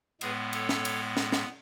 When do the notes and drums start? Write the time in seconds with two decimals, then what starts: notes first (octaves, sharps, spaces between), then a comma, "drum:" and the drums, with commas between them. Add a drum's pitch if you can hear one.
0.21 A2 G#3 B3 G#4 B4, drum: cymbal
0.53 A4 C#5, drum: cymbal
0.69 drum: snare
0.85 drum: cymbal
1.17 drum: snare
1.32 drum: snare